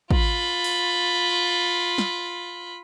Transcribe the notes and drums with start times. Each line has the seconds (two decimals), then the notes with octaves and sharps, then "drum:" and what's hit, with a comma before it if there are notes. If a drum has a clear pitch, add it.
0.11 F4 B5, drum: kick
0.64 drum: open hi-hat
1.98 drum: snare